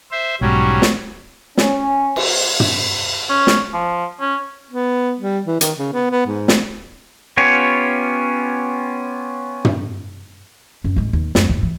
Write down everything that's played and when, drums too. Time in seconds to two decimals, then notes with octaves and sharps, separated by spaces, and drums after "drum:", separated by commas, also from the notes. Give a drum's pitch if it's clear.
0.11 C5 E5
0.41 B1 G#2 F#3 G3 C#4
0.82 drum: snare
1.58 C#4, drum: snare
2.16 drum: cymbal
2.60 drum: tom
3.30 C#4
3.47 drum: snare
3.74 F3
4.21 C#4
4.71 B3
5.20 G3
5.47 E3
5.61 D#3, drum: hi-hat
5.78 C#3
5.93 B3
6.11 B3
6.27 G#2
6.48 drum: snare
7.37 B3 C#4 F4 G4 C#5
9.65 drum: tom
10.84 F#2
10.96 A1 G#3
11.13 D#2
11.35 F#2, drum: snare
11.49 D#2 G#2
11.63 E3